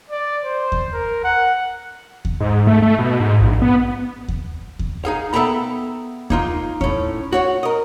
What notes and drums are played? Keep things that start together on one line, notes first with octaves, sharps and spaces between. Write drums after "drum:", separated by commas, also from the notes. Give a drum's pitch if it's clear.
D5
C5
drum: kick D#2
A#4
F#5
drum: kick D#2
G#2
A3
A3
B2
G#2
A#1
B3
drum: kick D#2
drum: kick D#2
D#4 G#4 F5
B3 A4 E5 G5 A#5 B5
A#3 D#4 F4, drum: kick D#2
A2 C#4, drum: kick D#2
F#4 C#5 F#5
A#4 D#5